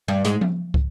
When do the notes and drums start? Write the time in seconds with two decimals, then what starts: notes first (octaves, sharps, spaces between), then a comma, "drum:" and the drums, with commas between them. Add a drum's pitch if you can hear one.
0.08 G2 G3
0.25 G#2 G#3, drum: hi-hat
0.41 drum: tom F3
0.74 drum: kick